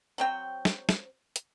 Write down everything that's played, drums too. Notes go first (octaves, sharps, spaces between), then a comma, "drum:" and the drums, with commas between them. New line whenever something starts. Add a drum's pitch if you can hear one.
F#3 C4 G5
drum: snare
drum: snare
drum: hi-hat